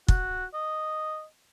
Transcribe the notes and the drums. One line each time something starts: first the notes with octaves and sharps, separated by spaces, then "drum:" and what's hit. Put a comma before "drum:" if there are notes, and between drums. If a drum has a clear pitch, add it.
F#4, drum: kick
D#5